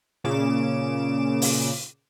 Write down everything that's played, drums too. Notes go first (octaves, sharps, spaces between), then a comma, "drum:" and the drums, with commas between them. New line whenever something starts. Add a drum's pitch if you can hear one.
A#2 C#3 D6 E7
drum: open hi-hat